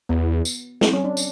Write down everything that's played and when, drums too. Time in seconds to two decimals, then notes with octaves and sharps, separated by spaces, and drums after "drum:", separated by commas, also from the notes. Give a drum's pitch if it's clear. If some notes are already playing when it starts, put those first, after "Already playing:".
0.09 E2 B3
0.45 drum: tambourine
0.81 C4, drum: snare
0.93 C#4
1.04 D4
1.17 drum: tambourine